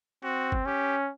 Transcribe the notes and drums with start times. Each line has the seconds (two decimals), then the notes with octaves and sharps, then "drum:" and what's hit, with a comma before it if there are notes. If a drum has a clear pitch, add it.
0.24 C4 F#4
0.52 drum: kick
0.66 C#4 G4